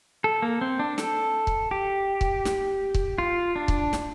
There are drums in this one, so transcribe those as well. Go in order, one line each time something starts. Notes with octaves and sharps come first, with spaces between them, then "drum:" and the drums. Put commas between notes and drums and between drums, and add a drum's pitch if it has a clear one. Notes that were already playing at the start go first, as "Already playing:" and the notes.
A4
A#3
C4
D4
A4, drum: snare
drum: kick C#1
G4
drum: kick C#1
drum: snare
drum: kick C#1
F4
D4
drum: kick C#1
drum: snare